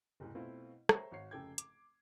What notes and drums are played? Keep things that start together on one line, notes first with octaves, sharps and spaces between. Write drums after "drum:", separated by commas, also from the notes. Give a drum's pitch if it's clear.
F#1 C2 A2
B2 A3 C4 E4 F4
C5 C#5 E5 G5 A#5 C#6, drum: rim click
G#1 F#4 C#5 C7
F1 C#3 A4 G5 D6 G#6
D6, drum: hi-hat